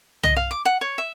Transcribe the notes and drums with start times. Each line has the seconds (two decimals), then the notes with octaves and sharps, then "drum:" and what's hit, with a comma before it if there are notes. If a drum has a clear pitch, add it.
0.23 D#5, drum: tom
0.36 F5
0.51 D6
0.65 F#5
0.81 C#5
0.98 E5